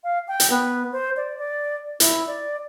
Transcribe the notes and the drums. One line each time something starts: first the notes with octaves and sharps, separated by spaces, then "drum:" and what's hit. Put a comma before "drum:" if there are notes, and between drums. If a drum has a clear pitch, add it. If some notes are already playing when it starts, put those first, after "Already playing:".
F5
G5
drum: hi-hat
B3
C5
D5
D5
E4, drum: hi-hat
D5